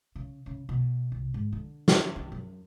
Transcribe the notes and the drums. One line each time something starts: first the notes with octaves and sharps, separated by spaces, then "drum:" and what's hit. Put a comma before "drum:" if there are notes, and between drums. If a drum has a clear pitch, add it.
C#3
C#3
B2
C2
G#2
D3
drum: snare
D#3
F#2